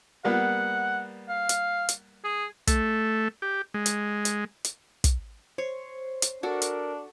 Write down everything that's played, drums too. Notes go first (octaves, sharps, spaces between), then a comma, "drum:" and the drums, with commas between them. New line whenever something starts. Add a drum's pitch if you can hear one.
G3 A#3 B3 F#5
F5
drum: hi-hat
drum: hi-hat
G#4
A3, drum: kick, hi-hat
G4
G#3
drum: hi-hat
drum: hi-hat
drum: hi-hat
drum: kick, hi-hat
C5 C#5
drum: hi-hat
D4 F#4 A4 A#4
drum: hi-hat